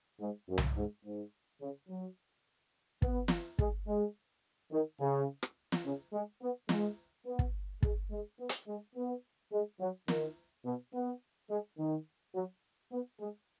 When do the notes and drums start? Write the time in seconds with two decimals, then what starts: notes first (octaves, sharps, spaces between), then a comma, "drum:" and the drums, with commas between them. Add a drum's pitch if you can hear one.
0.20 G#2
0.48 F#2
0.58 drum: tom C2
0.76 G#2
1.04 G#2
1.61 C#3
1.89 F#3
3.02 B3, drum: kick
3.28 drum: snare
3.59 G#3, drum: kick
3.87 G#3
4.71 D#3
5.00 C#3
5.43 drum: rim click
5.72 drum: snare
5.84 C#3
6.12 G#3
6.41 B3
6.69 G#3, drum: snare
7.26 B3
7.39 drum: kick
7.83 G#3, drum: kick
8.11 G#3
8.39 B3
8.49 drum: hi-hat
8.67 G#3
8.95 B3
9.52 G#3
9.80 F#3
10.08 D#3, drum: snare
10.65 B2
10.93 B3
11.50 G#3
11.78 D#3
12.34 F#3
12.91 B3
13.19 G#3